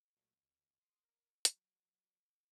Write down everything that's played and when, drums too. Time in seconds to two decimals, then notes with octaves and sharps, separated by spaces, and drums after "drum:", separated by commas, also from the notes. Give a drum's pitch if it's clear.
0.16 A#2 F#3 A3
0.35 C#2
0.79 C6 D#6
1.04 A#4
1.45 F#3, drum: hi-hat